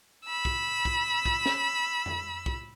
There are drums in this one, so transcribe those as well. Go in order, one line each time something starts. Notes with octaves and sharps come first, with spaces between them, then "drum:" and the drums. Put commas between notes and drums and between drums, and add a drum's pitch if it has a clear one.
B5 E6
drum: kick
drum: kick
drum: kick
drum: snare
drum: tom F2
drum: kick